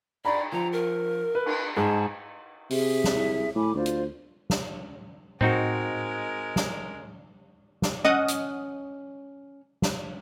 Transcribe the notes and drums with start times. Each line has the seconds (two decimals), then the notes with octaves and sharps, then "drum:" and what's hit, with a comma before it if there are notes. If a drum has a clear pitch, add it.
0.25 D5 A#5 B5, drum: cymbal
0.52 F3 A#5
0.73 A#4
1.35 B4
1.46 drum: cymbal
1.77 G#2 G#4 A5
2.70 C3 G#4 E5, drum: open hi-hat
3.04 drum: snare
3.15 C2
3.56 A2 G#5 B5 D6
3.75 D2 F4 C5 D5
3.86 drum: hi-hat
4.50 drum: snare
5.41 G#3 C4 D#4 F#4 A#4, drum: tom A2
6.56 drum: snare
7.82 drum: snare
8.05 C#4 D#5 F#5 D#6
8.28 drum: hi-hat
9.82 drum: snare